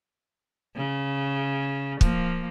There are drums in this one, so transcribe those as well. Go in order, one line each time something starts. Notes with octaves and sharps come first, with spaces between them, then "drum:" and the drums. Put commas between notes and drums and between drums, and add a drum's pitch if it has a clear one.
C#3
F3 A#3, drum: kick